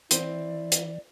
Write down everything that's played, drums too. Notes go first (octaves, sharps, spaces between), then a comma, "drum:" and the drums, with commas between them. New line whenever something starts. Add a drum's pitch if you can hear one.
E3 C4 E4 D5, drum: hi-hat
drum: hi-hat